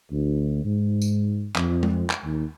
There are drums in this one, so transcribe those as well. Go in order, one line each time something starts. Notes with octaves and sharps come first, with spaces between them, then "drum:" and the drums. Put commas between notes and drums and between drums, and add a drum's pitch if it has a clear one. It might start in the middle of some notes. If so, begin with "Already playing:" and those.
D2
G#2
drum: tambourine
F2, drum: clap
drum: tom G#3
drum: clap
D#2